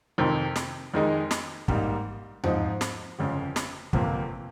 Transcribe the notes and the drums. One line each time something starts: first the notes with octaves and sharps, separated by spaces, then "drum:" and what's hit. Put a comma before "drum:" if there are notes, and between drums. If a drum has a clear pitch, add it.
F2 C3 D#3
drum: snare
F2 D#3 G#3 D#4
drum: snare
G#2 G3 A#3 D#4, drum: kick
G#2 F3 C4 D#4, drum: tom E2
drum: snare
G1 F2 C#3
drum: snare
G1 F2 C3 F3 A#3, drum: kick